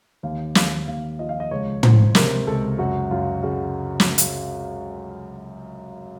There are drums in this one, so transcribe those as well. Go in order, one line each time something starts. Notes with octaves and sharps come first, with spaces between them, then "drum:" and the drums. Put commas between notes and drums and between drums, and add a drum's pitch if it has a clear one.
D#2 F5
D#2 F5, drum: snare
D#2 F5
F3 D#5
F5
D#5
C#2 C#5
C#2 C5, drum: tom
C3 A#4, drum: snare
C#2 A4
F#2 F#4
F#2 F4
C#3 F#4
drum: snare
drum: hi-hat